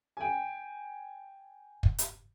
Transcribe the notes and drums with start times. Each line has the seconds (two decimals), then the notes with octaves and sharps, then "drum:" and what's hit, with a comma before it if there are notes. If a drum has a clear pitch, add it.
0.17 G5 G#5
1.83 drum: kick
1.99 drum: hi-hat